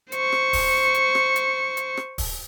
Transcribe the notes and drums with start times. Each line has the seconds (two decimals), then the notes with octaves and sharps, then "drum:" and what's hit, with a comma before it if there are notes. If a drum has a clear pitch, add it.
0.12 C5 C#6, drum: hi-hat
0.32 drum: rim click
0.53 drum: kick, open hi-hat
0.94 drum: hi-hat
1.15 drum: rim click
1.36 drum: hi-hat
1.77 drum: hi-hat
1.97 drum: rim click
2.18 drum: kick, open hi-hat